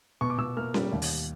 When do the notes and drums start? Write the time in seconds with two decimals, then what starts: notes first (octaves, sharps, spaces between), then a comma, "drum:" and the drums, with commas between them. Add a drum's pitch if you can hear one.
0.21 B2 C#6
0.30 D6
0.38 B2 E6
0.57 A#3 F6
0.74 G3, drum: snare C#4
0.92 D#2
1.02 drum: open hi-hat